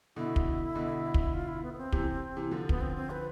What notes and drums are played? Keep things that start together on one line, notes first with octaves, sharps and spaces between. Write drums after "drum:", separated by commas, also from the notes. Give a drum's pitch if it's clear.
B2 D3 E4
drum: kick
B2 D3
drum: kick
F4
E4
B3
B3
C4
C3 E3, drum: kick
C3 E3
D3 F3
B3, drum: kick
C4
C4
B4